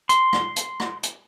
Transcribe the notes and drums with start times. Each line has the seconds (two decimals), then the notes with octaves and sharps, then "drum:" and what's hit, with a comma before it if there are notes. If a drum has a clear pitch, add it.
0.09 C6, drum: hi-hat
0.33 drum: rim click
0.56 drum: hi-hat
0.80 drum: rim click
1.03 drum: hi-hat